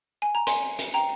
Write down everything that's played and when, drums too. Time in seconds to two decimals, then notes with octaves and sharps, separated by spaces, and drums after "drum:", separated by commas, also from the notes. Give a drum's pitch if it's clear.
0.22 G#5
0.35 A#5
0.47 G#5 C6, drum: hi-hat
0.79 drum: hi-hat
0.94 G5 A#5